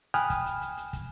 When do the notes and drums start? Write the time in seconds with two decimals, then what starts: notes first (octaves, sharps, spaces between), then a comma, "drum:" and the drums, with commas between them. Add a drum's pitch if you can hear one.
0.14 G5 G#5 B5 D#6 F6 F#6, drum: hi-hat
0.30 drum: kick, hi-hat
0.46 drum: hi-hat
0.62 drum: hi-hat
0.77 drum: hi-hat
0.93 drum: kick, hi-hat